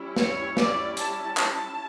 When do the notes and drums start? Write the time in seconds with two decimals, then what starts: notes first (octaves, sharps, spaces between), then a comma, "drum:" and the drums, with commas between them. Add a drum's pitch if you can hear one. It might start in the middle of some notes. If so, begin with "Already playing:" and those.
Already playing: G3 C#4 E4
0.17 C#5, drum: snare
0.57 D5, drum: snare
0.97 A5, drum: hi-hat
1.37 A5, drum: clap